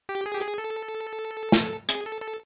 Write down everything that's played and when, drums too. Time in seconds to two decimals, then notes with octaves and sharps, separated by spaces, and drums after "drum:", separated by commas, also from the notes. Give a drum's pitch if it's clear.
0.09 G4
0.26 G#4
0.34 G4
0.42 G#4
0.58 A4
1.52 drum: snare
1.89 G#4, drum: hi-hat
2.06 A4
2.21 A4